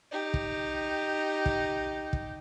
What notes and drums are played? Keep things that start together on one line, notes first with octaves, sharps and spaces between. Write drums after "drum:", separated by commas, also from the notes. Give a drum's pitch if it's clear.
D#4 G4
drum: kick
drum: kick
drum: kick